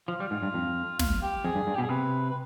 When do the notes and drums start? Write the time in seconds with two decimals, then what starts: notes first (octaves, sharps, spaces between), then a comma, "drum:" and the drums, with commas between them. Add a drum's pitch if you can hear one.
0.08 F3 F4
0.20 G3
0.31 G#2
0.43 G2
0.54 F2
0.99 F4, drum: snare
1.22 G4
1.44 F2 G#4
1.55 G2
1.67 G2
1.75 G4
1.78 B2
1.82 G#4
1.89 C3 B4
2.30 B4